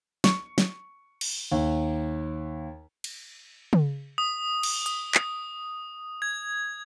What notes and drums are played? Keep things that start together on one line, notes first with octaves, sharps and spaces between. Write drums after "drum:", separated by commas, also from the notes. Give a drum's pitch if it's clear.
C#6, drum: snare
drum: snare
drum: cymbal
D#2
drum: cymbal
drum: tom C#3
D#6
drum: cymbal
D#6, drum: hi-hat
drum: clap
G#6